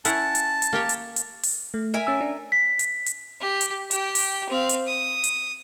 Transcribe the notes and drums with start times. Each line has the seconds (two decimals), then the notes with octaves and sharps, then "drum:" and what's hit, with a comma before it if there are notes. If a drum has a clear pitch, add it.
0.05 C#4 E4 F#5 A5, drum: hi-hat
0.35 drum: hi-hat
0.62 drum: hi-hat
0.73 A#3 G4 C#5
0.89 drum: hi-hat
1.16 drum: hi-hat
1.43 drum: open hi-hat
1.74 A3
1.94 A#4 E5 G#5
2.07 C#4 E6
2.21 D4
2.52 B6
2.79 drum: hi-hat
3.06 drum: hi-hat
3.41 G4
3.61 drum: hi-hat
3.91 G4 G5, drum: hi-hat
4.15 drum: open hi-hat
4.49 C4 F5
4.69 drum: hi-hat
4.87 D#6
5.24 drum: hi-hat